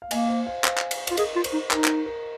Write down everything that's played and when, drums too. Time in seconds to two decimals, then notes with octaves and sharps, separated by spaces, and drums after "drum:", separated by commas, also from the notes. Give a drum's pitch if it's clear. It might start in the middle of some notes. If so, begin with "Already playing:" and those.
0.02 F5
0.11 A#3 D#5 G#5, drum: cymbal
0.28 C5 F5
0.47 C5 F5
0.64 C5 F5, drum: clap
0.78 drum: clap
0.91 drum: cymbal
1.07 F4 F5, drum: cymbal
1.17 G#4 A#4 D#5, drum: cymbal
1.36 F4
1.44 C5, drum: cymbal
1.53 D#4
1.71 D#4 A#4, drum: clap
1.84 drum: clap
2.06 A#4